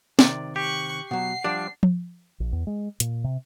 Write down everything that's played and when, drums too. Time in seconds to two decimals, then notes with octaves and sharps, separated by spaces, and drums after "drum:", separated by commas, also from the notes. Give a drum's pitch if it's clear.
0.19 C3 D#3 D5, drum: snare
0.56 G4 C#6 F#6
1.11 B2 F#3 F#5 C7
1.44 F3 G3 D4 D5
1.83 drum: tom F3
2.40 A#1
2.52 E2
2.67 G#3
3.00 A#2, drum: hi-hat
3.24 C3